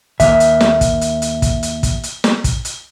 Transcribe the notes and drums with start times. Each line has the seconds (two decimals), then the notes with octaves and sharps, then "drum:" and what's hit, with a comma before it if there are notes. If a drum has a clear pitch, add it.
0.20 D#2 E5, drum: kick, hi-hat
0.40 drum: hi-hat
0.61 drum: snare
0.81 drum: kick, hi-hat
1.01 drum: hi-hat
1.22 drum: hi-hat
1.42 drum: kick, hi-hat
1.63 drum: hi-hat
1.83 drum: kick, hi-hat
2.03 drum: hi-hat
2.24 drum: snare
2.44 drum: kick, hi-hat
2.65 drum: hi-hat